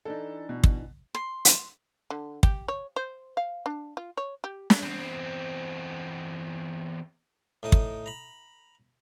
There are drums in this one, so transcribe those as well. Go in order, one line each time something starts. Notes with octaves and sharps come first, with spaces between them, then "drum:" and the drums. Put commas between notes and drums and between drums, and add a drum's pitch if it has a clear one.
E3 D4 D#4 A4
B2
drum: kick
C6
drum: hi-hat
D3
G4, drum: kick
C#5
C5
F5
D4
F4
C#5
G4
drum: snare
E2 C4
A2 D#4 D#6
drum: kick
A#5 B5